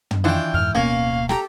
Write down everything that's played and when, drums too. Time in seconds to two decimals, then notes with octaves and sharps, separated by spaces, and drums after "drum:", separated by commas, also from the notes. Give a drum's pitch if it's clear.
0.11 drum: tom
0.24 D#3 E3 D4 F4 G5
0.54 F2 G#2 F6
0.75 D1 B2 A#3 B3 C#4 F5
1.29 G4 A4 G5 A#5, drum: snare